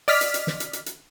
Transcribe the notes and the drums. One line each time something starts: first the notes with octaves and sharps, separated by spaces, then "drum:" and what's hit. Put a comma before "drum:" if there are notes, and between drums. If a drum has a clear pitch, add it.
D5 D#5 F6 B6, drum: open hi-hat
drum: hi-hat
drum: hi-hat
drum: snare
drum: hi-hat
drum: hi-hat
drum: hi-hat